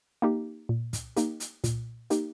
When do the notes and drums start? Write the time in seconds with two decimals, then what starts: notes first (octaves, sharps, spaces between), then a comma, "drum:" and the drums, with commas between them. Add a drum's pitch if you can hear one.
0.22 A#3 D#4 G4
0.69 A#2
0.93 drum: kick, hi-hat
1.16 A#3 D#4 G4, drum: hi-hat
1.40 drum: hi-hat
1.64 A#2, drum: kick, hi-hat
2.10 A#3 D#4 G4, drum: hi-hat